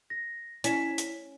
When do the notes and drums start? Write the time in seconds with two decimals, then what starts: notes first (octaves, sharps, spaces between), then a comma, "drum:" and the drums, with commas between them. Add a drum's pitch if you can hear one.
0.10 A#6
0.64 C#4 E4 B6 E7, drum: hi-hat
0.98 drum: hi-hat